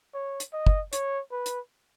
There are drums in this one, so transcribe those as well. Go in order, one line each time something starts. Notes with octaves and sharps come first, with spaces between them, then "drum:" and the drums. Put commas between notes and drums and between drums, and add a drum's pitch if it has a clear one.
C#5
drum: hi-hat
D#5
drum: kick
C#5, drum: hi-hat
B4
drum: hi-hat